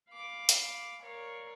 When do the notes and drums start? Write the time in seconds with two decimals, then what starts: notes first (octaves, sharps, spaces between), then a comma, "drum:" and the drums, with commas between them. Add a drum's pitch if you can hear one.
0.11 F5 B5 D6
0.49 drum: hi-hat
1.02 A#4 C#5 D5 F5